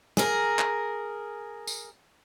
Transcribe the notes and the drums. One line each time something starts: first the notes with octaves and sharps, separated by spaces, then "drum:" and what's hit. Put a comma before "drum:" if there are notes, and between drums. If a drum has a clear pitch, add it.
G#4 A#4, drum: snare
drum: clap
drum: tambourine